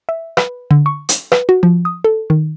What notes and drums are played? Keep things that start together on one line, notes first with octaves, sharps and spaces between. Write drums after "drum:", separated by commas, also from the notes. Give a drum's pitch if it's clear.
E5
B4, drum: rim click
D3
C#6
drum: hi-hat
B4, drum: rim click
F#4
F3
D#6
A4
D#3